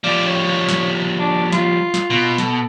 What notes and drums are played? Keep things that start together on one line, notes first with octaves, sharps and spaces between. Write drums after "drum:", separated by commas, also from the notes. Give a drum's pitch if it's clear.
F3 G3 D5
C#5
drum: snare
D4
F4, drum: snare
drum: snare
B2 F4
A4, drum: snare